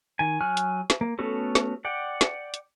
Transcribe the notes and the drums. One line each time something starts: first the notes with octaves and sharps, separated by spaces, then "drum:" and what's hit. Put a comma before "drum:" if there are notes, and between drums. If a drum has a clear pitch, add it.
D#3 G#5
F#3 G#5 C#6 F6 F#6
drum: hi-hat
drum: snare
A#3
A3 B3 C#4 F#4 A4
drum: snare
D5 F#5 G5
drum: snare
drum: hi-hat